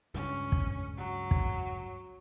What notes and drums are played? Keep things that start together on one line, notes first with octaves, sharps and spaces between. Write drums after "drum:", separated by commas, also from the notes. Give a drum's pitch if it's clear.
C#2 G2 C#4
drum: kick
F#3
drum: kick